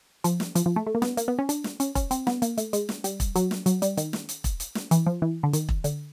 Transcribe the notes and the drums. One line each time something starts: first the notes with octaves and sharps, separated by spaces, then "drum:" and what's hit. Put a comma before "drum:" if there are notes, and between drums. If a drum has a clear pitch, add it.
F3, drum: hi-hat
drum: snare
F3, drum: hi-hat
F3
A3
A3
A#3
B3, drum: snare
A#3, drum: hi-hat
B3
C#4
D4, drum: hi-hat
drum: snare
C#4, drum: hi-hat
C#4, drum: kick E1, hi-hat
C4, drum: hi-hat
B3, drum: snare
A#3, drum: hi-hat
A3, drum: hi-hat
G#3, drum: hi-hat
drum: snare
G3, drum: hi-hat
drum: kick E1, hi-hat
F#3, drum: hi-hat
drum: snare
F#3, drum: hi-hat
G3, drum: hi-hat
D#3, drum: hi-hat
drum: snare
drum: hi-hat
drum: kick E1, hi-hat
drum: hi-hat
drum: snare
E3, drum: hi-hat
F3
E3
D3
D#3, drum: hi-hat
drum: kick E1
D3, drum: hi-hat